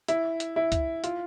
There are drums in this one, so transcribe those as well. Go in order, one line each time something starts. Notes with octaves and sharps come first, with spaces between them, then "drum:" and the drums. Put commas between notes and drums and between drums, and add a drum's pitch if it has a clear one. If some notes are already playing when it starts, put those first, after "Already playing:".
E4, drum: hi-hat
drum: hi-hat
E4
drum: kick, hi-hat
F4, drum: hi-hat